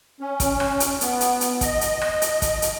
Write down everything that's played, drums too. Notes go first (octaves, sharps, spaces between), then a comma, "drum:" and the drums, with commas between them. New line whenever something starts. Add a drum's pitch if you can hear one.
C#4
drum: kick, hi-hat
drum: rim click
drum: hi-hat
B3, drum: hi-hat
drum: hi-hat
drum: hi-hat
D#5, drum: kick, hi-hat
drum: hi-hat
drum: rim click
drum: hi-hat
drum: kick, hi-hat
drum: hi-hat